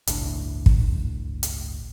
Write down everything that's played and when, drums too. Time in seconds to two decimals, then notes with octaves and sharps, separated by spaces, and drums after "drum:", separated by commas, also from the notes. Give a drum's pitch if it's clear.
0.07 G1 C#2 A2 D4, drum: hi-hat
0.66 drum: kick
1.43 drum: hi-hat